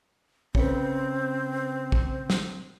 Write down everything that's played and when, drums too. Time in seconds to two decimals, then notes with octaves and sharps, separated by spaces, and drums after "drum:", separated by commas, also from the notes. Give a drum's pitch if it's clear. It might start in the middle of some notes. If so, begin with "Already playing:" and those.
0.55 C#3 C4 B4, drum: kick
1.92 drum: kick
2.30 drum: snare